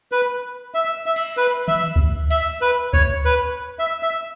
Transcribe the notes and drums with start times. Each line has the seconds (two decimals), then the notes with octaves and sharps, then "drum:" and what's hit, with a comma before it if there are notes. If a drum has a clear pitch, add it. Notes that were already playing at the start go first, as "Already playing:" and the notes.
0.12 B4
0.74 E5
1.06 E5
1.16 drum: cymbal
1.37 B4
1.68 E5, drum: tom D#3
1.96 drum: kick D2
2.31 E5, drum: open hi-hat
2.61 B4
2.93 C#5, drum: kick D2
3.25 B4
3.79 E5
4.03 E5